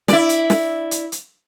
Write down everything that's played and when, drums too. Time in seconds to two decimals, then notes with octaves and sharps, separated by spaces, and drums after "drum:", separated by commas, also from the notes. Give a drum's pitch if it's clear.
0.08 E4 D5, drum: snare
0.29 drum: hi-hat
0.50 drum: snare
0.91 drum: hi-hat
1.12 drum: hi-hat